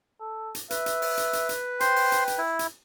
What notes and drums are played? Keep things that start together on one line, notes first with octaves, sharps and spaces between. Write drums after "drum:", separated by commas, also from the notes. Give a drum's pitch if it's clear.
A4
drum: hi-hat
B4 E5, drum: hi-hat
drum: hi-hat
drum: open hi-hat
drum: hi-hat
drum: hi-hat
drum: hi-hat
C5 G5 C6, drum: hi-hat
drum: open hi-hat
drum: hi-hat
drum: hi-hat
E4
drum: hi-hat